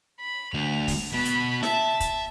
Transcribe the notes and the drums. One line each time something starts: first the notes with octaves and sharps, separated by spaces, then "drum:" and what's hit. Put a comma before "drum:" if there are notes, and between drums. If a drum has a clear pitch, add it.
B5
D2 F7
drum: kick, open hi-hat
B2 B5
drum: hi-hat
E5 A5, drum: snare E4
drum: kick, hi-hat